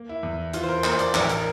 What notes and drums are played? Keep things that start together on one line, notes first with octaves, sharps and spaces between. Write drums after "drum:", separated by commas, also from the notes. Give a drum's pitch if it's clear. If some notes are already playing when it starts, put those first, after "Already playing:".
Already playing: A#3
E4
E2
E3 F4, drum: hi-hat
C5
A#4
A#3 C5, drum: clap
D5, drum: hi-hat
A1 D5, drum: clap
A#4, drum: hi-hat